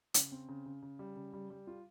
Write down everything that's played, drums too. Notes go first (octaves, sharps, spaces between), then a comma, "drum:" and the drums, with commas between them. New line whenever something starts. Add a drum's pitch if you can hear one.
C#3, drum: hi-hat
C4
C#3
C#3
C#3
G3
C#3
G3
G3
F4